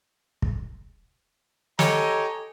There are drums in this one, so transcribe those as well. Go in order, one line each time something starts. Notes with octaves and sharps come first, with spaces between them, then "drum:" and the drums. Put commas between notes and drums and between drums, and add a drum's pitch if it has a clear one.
drum: kick
G4 A4 C#5 D#5 G#5 A#5, drum: snare